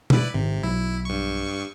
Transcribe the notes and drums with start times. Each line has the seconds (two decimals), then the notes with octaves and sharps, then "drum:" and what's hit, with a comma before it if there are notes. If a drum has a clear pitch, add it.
0.10 E4 B4 D5, drum: tom B2
0.34 G#1 C3
0.63 B1 E4
1.05 G2 C#6